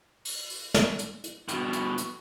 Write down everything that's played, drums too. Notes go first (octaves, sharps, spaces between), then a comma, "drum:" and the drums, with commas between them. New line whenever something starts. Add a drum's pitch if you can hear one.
drum: open hi-hat
drum: open hi-hat
drum: snare
drum: hi-hat
drum: hi-hat
G2 B2, drum: hi-hat
drum: hi-hat
drum: hi-hat